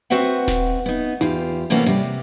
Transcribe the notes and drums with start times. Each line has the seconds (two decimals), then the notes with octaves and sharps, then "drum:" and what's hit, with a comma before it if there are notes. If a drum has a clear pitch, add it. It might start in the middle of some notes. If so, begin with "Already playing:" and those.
0.10 C4 F#4 B4 E5 F#5
0.48 drum: snare D#1
0.86 B3 D#4
1.21 E2 F4 G4, drum: tom D#4
1.70 A2 C3 E3 A#3 B3 C#4
1.86 C3 G3